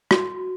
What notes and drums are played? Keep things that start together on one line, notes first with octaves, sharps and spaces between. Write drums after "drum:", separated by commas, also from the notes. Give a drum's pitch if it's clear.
F#4, drum: rim click